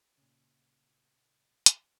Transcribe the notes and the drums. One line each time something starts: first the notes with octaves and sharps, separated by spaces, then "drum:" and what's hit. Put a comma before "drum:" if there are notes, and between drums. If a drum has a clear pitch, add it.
A#2 C#3
drum: hi-hat